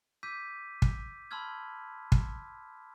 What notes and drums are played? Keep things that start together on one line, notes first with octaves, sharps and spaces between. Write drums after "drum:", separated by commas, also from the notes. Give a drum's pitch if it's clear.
D6 E6 G6 B6 D#7
drum: kick
A5 B5 C6 E6 F6 G#6
drum: kick